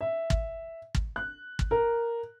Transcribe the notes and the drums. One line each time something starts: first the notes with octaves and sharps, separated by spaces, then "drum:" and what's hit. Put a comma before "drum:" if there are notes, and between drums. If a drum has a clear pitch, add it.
E5
drum: kick
drum: kick
F#6
drum: kick
A#4